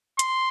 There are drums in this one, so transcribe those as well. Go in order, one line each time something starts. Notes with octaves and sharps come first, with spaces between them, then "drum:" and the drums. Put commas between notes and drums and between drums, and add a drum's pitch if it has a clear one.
C6, drum: hi-hat